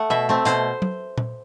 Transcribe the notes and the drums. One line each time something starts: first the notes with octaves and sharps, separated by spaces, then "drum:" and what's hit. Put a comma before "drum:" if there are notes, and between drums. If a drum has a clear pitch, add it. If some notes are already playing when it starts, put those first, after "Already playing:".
Already playing: A3 F#5
B2 E5
A3 C4
B2 C5, drum: hi-hat
drum: tom F#3
drum: tom A#2